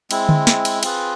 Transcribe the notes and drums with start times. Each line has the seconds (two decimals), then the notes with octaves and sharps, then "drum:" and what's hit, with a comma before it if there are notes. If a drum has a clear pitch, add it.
0.11 G#3 C4 E4, drum: cymbal
0.29 drum: tom D3
0.47 drum: snare
0.65 drum: cymbal
0.83 C4 F4 G#4 B4, drum: cymbal